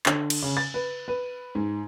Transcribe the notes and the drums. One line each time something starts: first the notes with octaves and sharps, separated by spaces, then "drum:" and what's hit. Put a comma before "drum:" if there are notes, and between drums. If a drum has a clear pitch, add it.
D3, drum: clap
drum: cymbal
C#3
A6
B4
B4
G#2